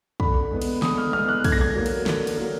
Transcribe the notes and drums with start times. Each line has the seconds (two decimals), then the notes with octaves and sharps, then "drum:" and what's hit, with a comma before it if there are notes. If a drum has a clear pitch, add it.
0.20 D3 B5, drum: kick
0.51 G#3 B3
0.62 drum: cymbal
0.82 D3 D#6, drum: snare
0.98 F6
1.13 G#3 B3 F6
1.29 F#6
1.44 D3 G#6, drum: kick, cymbal
1.52 A#6
1.61 G#6
1.75 F#3 A#3
1.86 drum: cymbal
2.06 D3, drum: snare
2.27 drum: cymbal
2.37 F#3 A#3